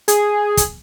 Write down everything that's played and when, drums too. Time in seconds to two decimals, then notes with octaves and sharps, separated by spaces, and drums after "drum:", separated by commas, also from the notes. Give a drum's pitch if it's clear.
0.08 G#4, drum: hi-hat
0.57 drum: kick, hi-hat